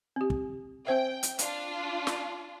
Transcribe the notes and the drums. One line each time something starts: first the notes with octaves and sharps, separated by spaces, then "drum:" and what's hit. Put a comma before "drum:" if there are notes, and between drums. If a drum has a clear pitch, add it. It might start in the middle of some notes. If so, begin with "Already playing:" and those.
C4 G4
drum: kick
C4 C5 E5 G5
drum: hi-hat
D4 F4, drum: hi-hat
drum: snare